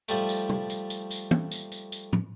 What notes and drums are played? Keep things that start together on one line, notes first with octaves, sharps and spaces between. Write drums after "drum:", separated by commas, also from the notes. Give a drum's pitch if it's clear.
F3 G3 A3, drum: tambourine
drum: tambourine
drum: tom
drum: tambourine
drum: tambourine
drum: tambourine
drum: tom
drum: tambourine
drum: tambourine
drum: tambourine
drum: tom